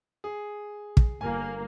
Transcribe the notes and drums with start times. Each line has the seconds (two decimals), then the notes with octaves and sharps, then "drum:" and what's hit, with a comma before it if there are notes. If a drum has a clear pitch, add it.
0.24 G#4
0.97 drum: kick
1.21 G1 A#3 G#5